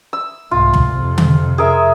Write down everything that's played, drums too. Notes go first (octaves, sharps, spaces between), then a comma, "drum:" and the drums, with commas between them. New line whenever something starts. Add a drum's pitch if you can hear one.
E6
C2 G#2 F4
drum: tom
F2 C3
drum: tom D3
G#4 A#4 E5